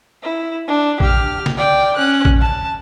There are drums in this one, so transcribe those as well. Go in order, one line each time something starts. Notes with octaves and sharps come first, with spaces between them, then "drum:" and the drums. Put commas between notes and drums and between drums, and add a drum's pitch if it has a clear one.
E4
D4
G4 F6, drum: kick A#1
drum: snare
D5 G5
C#4 F#6
drum: kick A#1
A5